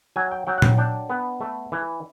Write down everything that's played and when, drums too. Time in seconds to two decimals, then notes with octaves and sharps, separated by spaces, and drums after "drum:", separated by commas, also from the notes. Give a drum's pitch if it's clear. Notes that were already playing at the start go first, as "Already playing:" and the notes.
0.16 F#3 G#5
0.32 G5
0.47 F#3 G5
0.58 F#5
0.62 G5, drum: tom A#2
0.78 D4 G5
1.10 B3
1.41 A3
1.72 E3